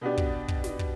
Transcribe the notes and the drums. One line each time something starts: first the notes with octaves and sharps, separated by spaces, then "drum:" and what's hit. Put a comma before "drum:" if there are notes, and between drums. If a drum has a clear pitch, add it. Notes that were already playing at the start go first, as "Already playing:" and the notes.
B2 B3 D4 G4 D5
drum: kick
drum: kick
drum: snare
drum: kick